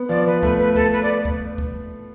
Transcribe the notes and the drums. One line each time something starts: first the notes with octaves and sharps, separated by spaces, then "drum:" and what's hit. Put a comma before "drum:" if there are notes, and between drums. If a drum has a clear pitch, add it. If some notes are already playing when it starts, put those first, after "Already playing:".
Already playing: B3
F3 D5
B4
A3 B4, drum: kick
B4
A4, drum: kick
B4
D5
drum: kick
drum: kick